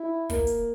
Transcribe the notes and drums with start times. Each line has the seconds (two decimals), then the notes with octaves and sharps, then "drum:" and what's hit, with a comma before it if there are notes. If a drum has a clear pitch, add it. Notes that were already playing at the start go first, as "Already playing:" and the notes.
Already playing: E4
0.30 A#3, drum: kick, open hi-hat
0.47 drum: hi-hat